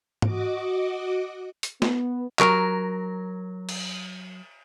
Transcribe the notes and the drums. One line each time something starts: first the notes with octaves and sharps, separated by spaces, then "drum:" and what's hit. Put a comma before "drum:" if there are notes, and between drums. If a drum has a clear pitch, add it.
F#4 D#5 D6, drum: tom G#2
drum: hi-hat
B3, drum: snare
F#3 A#4, drum: clap
drum: cymbal